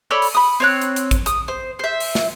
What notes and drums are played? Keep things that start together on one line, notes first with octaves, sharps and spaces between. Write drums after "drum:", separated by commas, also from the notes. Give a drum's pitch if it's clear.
A4 C#5 D5 B5
drum: open hi-hat
B5 D#6
C4 C#5 F#6
drum: hi-hat
drum: hi-hat
drum: kick, hi-hat
D#6, drum: hi-hat
C5
C5 E5
drum: open hi-hat
drum: snare